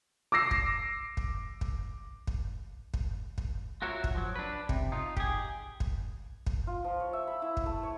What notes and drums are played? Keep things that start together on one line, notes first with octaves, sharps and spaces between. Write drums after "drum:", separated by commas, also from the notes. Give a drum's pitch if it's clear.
D6 E6 A#6 C7
drum: kick
drum: kick
drum: kick
drum: kick
drum: kick
drum: kick
F4 F#4 A#4 C#5 E5
drum: kick
F3 F#3
D4 B4
C3, drum: kick
D#4 F4
G4 G#4, drum: kick
drum: kick
drum: kick
F4
F3
C#5
E5
B5
E4
drum: kick
A3
C#5